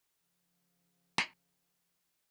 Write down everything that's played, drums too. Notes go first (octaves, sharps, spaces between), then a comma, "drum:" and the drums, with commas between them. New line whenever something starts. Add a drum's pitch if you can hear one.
C#3 F3
drum: snare